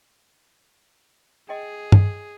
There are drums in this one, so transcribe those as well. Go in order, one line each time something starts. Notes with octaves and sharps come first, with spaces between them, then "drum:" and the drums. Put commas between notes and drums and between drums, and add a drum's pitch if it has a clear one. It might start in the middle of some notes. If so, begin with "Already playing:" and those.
G#4 D#5 G5
drum: tom G2